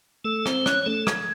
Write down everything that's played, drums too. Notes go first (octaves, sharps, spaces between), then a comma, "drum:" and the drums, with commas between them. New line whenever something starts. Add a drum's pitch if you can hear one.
A3 A4 E6
C4 C5, drum: rim click
C#4 C#5 F#6, drum: rim click
A3 A4
G#6, drum: rim click